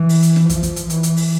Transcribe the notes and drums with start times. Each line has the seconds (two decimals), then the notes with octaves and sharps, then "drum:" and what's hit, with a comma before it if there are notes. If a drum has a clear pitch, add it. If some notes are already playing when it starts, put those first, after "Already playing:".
Already playing: E3
0.09 drum: open hi-hat
0.23 drum: hi-hat
0.36 drum: snare
0.50 F3, drum: kick, hi-hat
0.63 drum: kick, hi-hat
0.76 drum: hi-hat
0.90 E3, drum: hi-hat
1.03 drum: hi-hat
1.17 drum: open hi-hat